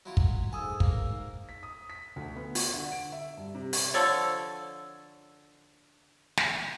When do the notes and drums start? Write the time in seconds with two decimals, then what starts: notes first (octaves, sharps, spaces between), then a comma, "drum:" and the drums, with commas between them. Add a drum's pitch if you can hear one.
0.06 F#3 E4 F4
0.17 drum: kick
0.53 G#2 A4 G#5 D#6 E6
0.80 A#3 F5, drum: kick
1.49 B6
1.63 D#6
1.90 B6
2.16 D2
2.36 B3
2.55 F#4, drum: open hi-hat
2.73 D3
2.92 D7
3.12 E5
3.37 G2
3.55 C3
3.73 drum: open hi-hat
3.94 D3 F3 A4 C#5
6.37 drum: snare